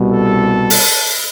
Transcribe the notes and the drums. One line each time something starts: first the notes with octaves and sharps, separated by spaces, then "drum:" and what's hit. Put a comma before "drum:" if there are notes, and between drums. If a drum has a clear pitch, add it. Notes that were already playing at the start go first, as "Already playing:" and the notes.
Already playing: C2 B2 G3
A4
drum: open hi-hat